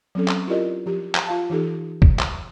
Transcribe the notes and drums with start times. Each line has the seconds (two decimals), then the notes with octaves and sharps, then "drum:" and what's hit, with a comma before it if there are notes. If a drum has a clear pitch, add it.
0.15 F#3 C4 C#4 A4
0.28 drum: clap
0.47 E4 F4 G4 A#4 D5 D#5
0.86 F3 G4
1.15 drum: clap
1.27 F4 F5 A5
1.50 E3 D#4 G4 A4
2.02 drum: kick
2.19 drum: clap